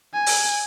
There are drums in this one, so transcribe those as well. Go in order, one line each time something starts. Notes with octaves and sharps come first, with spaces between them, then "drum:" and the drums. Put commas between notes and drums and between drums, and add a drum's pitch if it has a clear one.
G#5
drum: open hi-hat